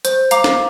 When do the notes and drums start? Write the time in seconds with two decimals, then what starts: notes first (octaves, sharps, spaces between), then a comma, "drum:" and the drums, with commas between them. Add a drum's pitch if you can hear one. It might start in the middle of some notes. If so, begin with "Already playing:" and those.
0.05 C5, drum: hi-hat
0.31 F5 A#5 D6, drum: hi-hat
0.44 drum: snare